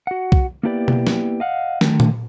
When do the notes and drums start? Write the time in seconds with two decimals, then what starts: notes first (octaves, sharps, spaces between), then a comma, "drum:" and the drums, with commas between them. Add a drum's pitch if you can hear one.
0.07 F#4 F#5
0.32 drum: kick B1
0.63 A#3 B3 E4 G4 B4 D5
0.88 drum: tom B2
1.07 drum: snare
1.40 D#5 F5 F#5
1.81 D3 D#3 A3, drum: snare
2.00 drum: tom A#2